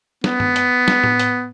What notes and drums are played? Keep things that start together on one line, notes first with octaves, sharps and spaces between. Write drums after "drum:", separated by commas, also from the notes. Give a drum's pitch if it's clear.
B3, drum: snare
drum: tom G2
drum: hi-hat
drum: snare
drum: tom A2
drum: hi-hat